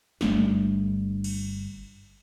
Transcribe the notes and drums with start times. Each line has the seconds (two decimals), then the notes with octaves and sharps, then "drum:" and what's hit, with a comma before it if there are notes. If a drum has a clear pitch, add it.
0.21 G1 G3 A3 D4, drum: snare
1.24 drum: cymbal